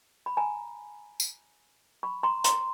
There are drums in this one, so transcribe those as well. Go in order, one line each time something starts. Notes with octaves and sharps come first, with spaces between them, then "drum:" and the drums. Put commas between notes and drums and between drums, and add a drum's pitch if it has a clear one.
B5
G#5 A#5
drum: tambourine
B5 C#6
A#5 C6
A#5 C6, drum: hi-hat